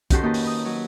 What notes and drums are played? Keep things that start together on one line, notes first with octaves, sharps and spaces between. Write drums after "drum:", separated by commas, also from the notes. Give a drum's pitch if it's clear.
D#3 C#4 F#4 G4 A4 C6, drum: kick, hi-hat
A#3 D#4 G4 B4 A5 A#5
drum: open hi-hat
D#6
F#3